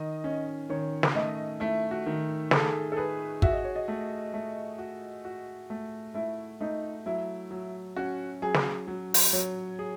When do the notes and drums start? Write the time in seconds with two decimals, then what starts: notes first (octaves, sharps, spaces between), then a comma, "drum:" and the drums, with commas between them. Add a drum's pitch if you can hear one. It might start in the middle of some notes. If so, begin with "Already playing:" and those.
Already playing: D#3 D#5
0.24 C#4
0.70 D#3 C#5
1.03 drum: snare
1.15 A3 D#5
1.60 A3 E4
1.91 F#4
2.06 D#3
2.51 G#4 A4, drum: snare
2.92 A4
2.97 G#4 B4
3.42 F#4 E5, drum: kick
3.53 D#5
3.64 C#5
3.76 D#5
3.88 A3
4.34 A3
4.78 F#4
5.25 F#4
5.70 A3
6.14 A3 E4
6.61 A3 D#4
7.06 F#3 E4
7.51 F#3
7.96 C#4 F#4
8.42 F#3 G#4
8.54 drum: snare
8.87 F#3
9.14 drum: open hi-hat
9.33 F#3 C#5
9.79 G#4